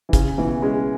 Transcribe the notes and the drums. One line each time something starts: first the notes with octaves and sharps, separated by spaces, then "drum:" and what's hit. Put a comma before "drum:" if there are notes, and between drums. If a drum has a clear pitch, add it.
E3
C#3, drum: kick, hi-hat
B2 E3
G#3 C#4